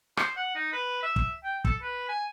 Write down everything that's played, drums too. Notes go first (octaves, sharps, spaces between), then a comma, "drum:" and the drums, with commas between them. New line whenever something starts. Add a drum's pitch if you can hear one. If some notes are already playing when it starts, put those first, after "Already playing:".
C5, drum: rim click
F#5
D#4
B4
E5
drum: kick
G5
A4, drum: kick
B4
G#5